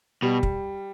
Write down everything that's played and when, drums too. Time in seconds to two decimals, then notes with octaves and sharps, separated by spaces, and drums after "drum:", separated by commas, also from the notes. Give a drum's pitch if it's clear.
0.22 B2 G3
0.43 drum: kick